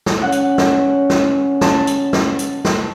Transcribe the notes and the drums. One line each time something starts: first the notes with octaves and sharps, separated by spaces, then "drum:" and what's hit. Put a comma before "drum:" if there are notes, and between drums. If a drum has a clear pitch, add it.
drum: snare
C#4 F#5
drum: hi-hat
drum: snare
drum: snare
A5, drum: snare
drum: hi-hat
drum: snare
drum: hi-hat
drum: snare